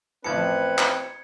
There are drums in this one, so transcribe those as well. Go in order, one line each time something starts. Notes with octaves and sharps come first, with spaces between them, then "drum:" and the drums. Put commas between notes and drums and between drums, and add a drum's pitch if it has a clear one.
A1 F3 C4 B4 A5 G#6 C#7
drum: clap